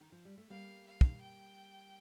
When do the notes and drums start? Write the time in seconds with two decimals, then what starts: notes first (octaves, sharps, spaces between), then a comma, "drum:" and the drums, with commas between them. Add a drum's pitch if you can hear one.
0.00 D#3
0.12 F3
0.25 G3
0.38 A3
0.50 G3 A#3 F5
0.86 F5
1.01 drum: kick
1.21 G5